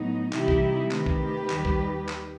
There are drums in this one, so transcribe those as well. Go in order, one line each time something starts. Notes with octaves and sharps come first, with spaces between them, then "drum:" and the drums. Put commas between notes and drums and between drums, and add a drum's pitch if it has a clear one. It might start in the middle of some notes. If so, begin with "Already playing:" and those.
Already playing: A2 F#3 B3 D#4
C3 E3 G3 D#4 E4 G4, drum: clap
drum: kick A#1
D#3 A3 C4 G4 B4, drum: clap
drum: kick A#1
D#2 D#3 G3, drum: clap
drum: kick A#1
drum: clap